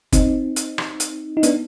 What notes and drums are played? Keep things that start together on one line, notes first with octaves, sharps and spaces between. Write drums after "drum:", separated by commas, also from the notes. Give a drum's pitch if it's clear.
C4 D#4, drum: kick G1, hi-hat
drum: hi-hat
drum: rim click
drum: hi-hat
D#4
B3 D4, drum: hi-hat